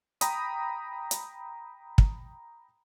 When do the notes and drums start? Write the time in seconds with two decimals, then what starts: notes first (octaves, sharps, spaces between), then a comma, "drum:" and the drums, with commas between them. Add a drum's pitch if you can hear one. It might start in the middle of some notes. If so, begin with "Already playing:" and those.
0.21 G5 A#5 B5 D#6, drum: hi-hat
1.11 drum: hi-hat
1.98 drum: kick